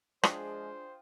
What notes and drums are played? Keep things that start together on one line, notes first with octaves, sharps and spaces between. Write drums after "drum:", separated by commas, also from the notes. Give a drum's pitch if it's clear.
F3 G#3 D4 F4 G#4 C5 G5 D#6, drum: rim click